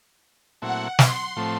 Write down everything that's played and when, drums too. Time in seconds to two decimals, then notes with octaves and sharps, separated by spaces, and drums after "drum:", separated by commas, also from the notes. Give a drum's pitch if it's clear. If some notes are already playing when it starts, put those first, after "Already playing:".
0.61 A#2 F#3 A3 C4 E4 F#5
0.99 C6, drum: snare
1.36 A2 F3 A3 C4